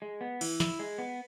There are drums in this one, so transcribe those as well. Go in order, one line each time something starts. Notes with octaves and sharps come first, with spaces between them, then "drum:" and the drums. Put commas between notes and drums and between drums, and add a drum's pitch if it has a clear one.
G#3
B3
E3, drum: cymbal
E4, drum: snare
G#3
B3